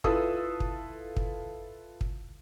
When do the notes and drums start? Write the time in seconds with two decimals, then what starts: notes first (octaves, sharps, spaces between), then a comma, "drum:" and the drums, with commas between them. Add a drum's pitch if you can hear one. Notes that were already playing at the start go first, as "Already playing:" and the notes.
0.04 E4 F4 A4 B4 D#6 E6, drum: kick
0.60 drum: kick
1.17 drum: kick
2.01 drum: kick